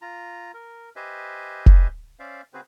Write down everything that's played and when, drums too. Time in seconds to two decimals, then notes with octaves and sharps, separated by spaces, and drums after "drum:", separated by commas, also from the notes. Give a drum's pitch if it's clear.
0.02 F4 A#5
0.54 A#4
0.96 G4 B4 C5 D#5 E5 G#5
1.66 drum: kick F1
2.20 C#4 C5 D5 E5 F5
2.54 C#3 C4 F#4 G#4 B4 C5